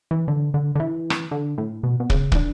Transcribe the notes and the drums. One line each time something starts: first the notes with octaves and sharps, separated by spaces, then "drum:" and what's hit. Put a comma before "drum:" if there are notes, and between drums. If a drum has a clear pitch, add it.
E3
D3
D3
D3
E3
drum: rim click
D3
A2
B2
B2
C#3, drum: kick
E3, drum: kick
D3